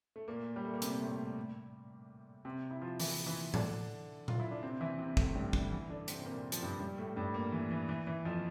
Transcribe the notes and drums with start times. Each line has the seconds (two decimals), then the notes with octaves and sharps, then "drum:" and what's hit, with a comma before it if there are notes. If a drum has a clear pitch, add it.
0.16 A3
0.28 A#2 A#3
0.56 G3
0.65 A3
0.74 A#3
0.82 C3 C4, drum: hi-hat
1.00 A2 A3
2.45 C3 C4
2.71 E4
2.81 F3 F4
3.00 E3 E4, drum: open hi-hat
3.26 E3 E4
3.54 D3 D4, drum: tom A2
4.28 F4, drum: tom A#2
4.40 E4
4.51 D4
4.62 C3 C4
4.81 E3 E4
4.99 C3 C4
5.17 A2 A3, drum: kick
5.35 G2 G3
5.53 D3, drum: kick
5.71 E3
5.90 D3 D4
6.08 C3 C4, drum: hi-hat
6.20 C4
6.26 A#2 A#3
6.52 F3, drum: hi-hat
6.63 G2 G3
6.80 G2 G3
6.98 A2 A3
7.16 G2 G3
7.34 A#2 A#3
7.52 E3
7.71 E3
7.89 E3
8.07 E3
8.25 F2 F3